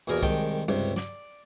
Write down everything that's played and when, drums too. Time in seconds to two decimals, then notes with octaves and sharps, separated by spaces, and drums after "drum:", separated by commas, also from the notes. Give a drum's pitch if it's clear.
0.07 A#1 E2 B2 G#4 A#4
0.23 C2 D#3 G#3 G5 A5, drum: kick C2
0.68 C#2 G2 C3, drum: tom
0.96 D5, drum: snare